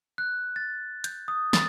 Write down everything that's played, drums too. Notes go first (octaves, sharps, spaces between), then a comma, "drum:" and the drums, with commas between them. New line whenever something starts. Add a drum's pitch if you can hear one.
F#6
A6
G6, drum: hi-hat
D#6
A6, drum: snare